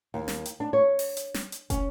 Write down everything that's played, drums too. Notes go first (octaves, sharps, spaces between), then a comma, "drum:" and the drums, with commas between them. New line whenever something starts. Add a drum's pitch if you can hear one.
D#2
drum: snare
drum: hi-hat
D4
C#5
drum: open hi-hat
drum: hi-hat
drum: snare
drum: hi-hat
C#4, drum: kick, hi-hat